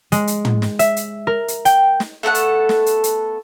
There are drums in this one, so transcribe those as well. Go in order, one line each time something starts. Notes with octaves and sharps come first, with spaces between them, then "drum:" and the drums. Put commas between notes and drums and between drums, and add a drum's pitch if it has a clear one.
G#3, drum: hi-hat
drum: hi-hat
drum: tom
drum: snare
E5, drum: hi-hat
drum: hi-hat
A#4
drum: hi-hat
G5, drum: hi-hat
drum: snare
A3 B3 A4 F#5
drum: hi-hat
drum: snare
drum: hi-hat
drum: hi-hat